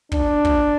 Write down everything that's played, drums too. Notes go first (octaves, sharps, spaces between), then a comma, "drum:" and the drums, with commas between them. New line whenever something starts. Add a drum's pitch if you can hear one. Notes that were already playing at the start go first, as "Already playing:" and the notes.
D4, drum: kick
drum: kick